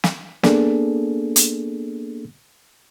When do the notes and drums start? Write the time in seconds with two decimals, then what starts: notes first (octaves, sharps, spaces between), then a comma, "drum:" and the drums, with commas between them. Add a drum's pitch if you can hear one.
0.04 drum: snare
0.43 A#3 B3 D4 G#4 A4, drum: snare
1.36 drum: hi-hat